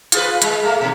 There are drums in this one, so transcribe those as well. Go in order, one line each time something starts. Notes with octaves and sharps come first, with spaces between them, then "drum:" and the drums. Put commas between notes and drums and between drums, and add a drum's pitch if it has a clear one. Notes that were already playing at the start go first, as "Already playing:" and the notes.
F4 G#4 B4, drum: hi-hat
G#3, drum: hi-hat
A3 A#3
D#2 B2